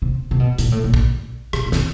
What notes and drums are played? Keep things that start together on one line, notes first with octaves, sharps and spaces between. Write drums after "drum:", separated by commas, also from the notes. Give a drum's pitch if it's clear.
C3
C3
B2
A#2, drum: hi-hat
A2
A#2
drum: kick A#1
B2, drum: rim click
B2
C3, drum: snare